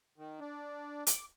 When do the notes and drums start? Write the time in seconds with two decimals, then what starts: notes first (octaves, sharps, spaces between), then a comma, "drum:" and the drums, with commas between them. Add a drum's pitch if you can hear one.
0.18 D#3
0.40 D4
1.07 D6, drum: hi-hat